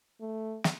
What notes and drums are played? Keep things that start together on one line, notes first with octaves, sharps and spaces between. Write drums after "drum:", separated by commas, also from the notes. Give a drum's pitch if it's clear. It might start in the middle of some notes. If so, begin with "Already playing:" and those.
A3
drum: snare